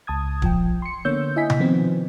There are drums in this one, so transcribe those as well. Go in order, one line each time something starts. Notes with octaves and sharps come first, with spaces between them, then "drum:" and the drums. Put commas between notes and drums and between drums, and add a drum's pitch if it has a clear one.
C#2 A5 D#6 G#6
A#1 F3 G5, drum: kick
C6 C#7
D3 A#3 B3 C#5 E6 G6
E4 D#5 G#5 B6
drum: tom C3
C3 D#3 F3 B3 C4